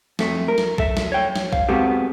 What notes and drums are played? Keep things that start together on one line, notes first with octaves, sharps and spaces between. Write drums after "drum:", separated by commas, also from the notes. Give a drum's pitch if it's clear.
F2 A3, drum: snare
A#4
drum: snare
A4 E5, drum: kick A#1
drum: snare
C#5 G5
drum: snare
F5, drum: kick A#1
G#3 B3 C4 F#4 G4 A4